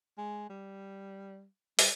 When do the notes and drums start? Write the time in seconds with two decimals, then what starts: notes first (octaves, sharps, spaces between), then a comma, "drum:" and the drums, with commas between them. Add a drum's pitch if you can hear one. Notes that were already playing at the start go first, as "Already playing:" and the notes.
0.18 G#3
0.50 G3
1.79 G3, drum: open hi-hat